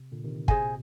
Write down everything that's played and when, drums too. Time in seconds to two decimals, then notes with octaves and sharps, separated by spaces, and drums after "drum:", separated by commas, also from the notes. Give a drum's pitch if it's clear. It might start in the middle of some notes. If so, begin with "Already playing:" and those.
Already playing: C3
0.12 A#2 D3
0.24 C3 D#3
0.48 C3 G#4 C5 D#5 G#5, drum: kick
0.60 A#2